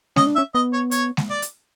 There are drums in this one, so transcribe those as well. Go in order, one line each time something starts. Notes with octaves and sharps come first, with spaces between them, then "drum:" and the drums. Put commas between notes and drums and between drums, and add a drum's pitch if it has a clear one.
C#4 D#5, drum: snare G#3
D4
E5
C#4
B3 D#5
C#5
C#5, drum: hi-hat
drum: snare G#3
D5
drum: hi-hat